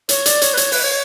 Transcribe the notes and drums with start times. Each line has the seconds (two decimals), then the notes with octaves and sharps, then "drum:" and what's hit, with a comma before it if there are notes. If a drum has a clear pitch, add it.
0.09 C#5, drum: hi-hat
0.26 D5, drum: hi-hat
0.42 C#5, drum: hi-hat
0.53 B4
0.57 C#5, drum: hi-hat
0.72 B4, drum: open hi-hat
0.83 C#5